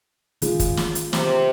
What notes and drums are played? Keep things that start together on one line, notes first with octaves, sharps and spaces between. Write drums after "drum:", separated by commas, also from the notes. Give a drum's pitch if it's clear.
D#3 G#3 C#4 F4 G#4, drum: hi-hat
drum: kick, hi-hat
drum: snare
drum: hi-hat
C3, drum: snare